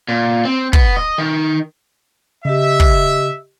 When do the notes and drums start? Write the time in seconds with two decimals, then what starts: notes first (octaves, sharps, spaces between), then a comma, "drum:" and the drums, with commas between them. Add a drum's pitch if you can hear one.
0.08 A#2
0.45 C4
0.73 B3, drum: kick
0.96 D#5
1.18 D#3
2.45 C#3 G4 D#5 E5
2.80 drum: kick